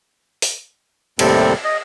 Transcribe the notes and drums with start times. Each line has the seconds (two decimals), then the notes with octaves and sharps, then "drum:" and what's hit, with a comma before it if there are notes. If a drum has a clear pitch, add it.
0.42 drum: open hi-hat
1.19 D#2 A2 C3 G3 C4 A4, drum: cymbal
1.64 D#5